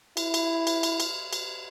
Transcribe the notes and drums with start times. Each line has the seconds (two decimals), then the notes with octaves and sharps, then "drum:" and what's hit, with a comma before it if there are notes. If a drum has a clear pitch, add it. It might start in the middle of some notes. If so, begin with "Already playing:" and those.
0.17 E4, drum: cymbal
0.34 drum: cymbal
0.67 drum: cymbal
0.83 drum: cymbal
1.00 drum: cymbal
1.33 drum: cymbal